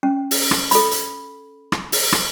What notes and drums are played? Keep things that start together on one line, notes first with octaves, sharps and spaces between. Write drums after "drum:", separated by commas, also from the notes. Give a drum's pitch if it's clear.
C#4
drum: open hi-hat
drum: rim click
A4 B5, drum: hi-hat
drum: hi-hat
drum: rim click
drum: open hi-hat
drum: rim click